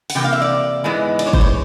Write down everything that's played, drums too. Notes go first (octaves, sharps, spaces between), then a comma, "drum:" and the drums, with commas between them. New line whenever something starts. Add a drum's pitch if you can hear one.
F#5, drum: open hi-hat
C3 E3 A#3 G5
F5
E5
D5
G#2 E3 G#3 B3
D5, drum: cymbal
C#5
C5, drum: kick
C#5